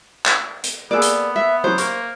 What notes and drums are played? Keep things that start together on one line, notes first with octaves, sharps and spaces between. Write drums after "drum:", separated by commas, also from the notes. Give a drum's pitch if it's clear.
drum: clap
drum: hi-hat
A#3 B3 G#4 A4 D5
drum: hi-hat
E5
F#3 C#4 E4 C5
A#3 C#6, drum: hi-hat